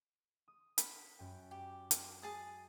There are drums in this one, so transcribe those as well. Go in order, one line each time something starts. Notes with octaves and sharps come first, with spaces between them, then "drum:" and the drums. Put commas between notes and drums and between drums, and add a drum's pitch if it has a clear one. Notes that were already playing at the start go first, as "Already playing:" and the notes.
D#6
B5, drum: hi-hat
F#2 G5
G4
drum: hi-hat
G#4 A5 D#6